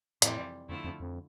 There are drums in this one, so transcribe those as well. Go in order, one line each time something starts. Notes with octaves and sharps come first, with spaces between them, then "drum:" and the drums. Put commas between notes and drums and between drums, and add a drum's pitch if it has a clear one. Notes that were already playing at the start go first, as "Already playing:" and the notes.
F2 A2 C3 E3 G3 C4, drum: hi-hat
F2 D3 F3 A3 E4
F2
F2